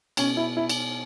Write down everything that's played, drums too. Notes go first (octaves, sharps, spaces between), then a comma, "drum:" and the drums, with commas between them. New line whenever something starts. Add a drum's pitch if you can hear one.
B2 C#4, drum: cymbal
E4
E4
drum: cymbal